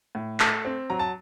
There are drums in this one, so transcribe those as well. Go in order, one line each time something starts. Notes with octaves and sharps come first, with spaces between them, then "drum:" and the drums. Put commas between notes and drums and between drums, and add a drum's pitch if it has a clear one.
A2
A3 A5, drum: clap
C4
F#3 A#5
A5